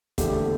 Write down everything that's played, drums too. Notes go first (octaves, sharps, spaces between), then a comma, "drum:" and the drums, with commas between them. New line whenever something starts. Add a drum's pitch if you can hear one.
E2 D3 A3 G4, drum: kick, hi-hat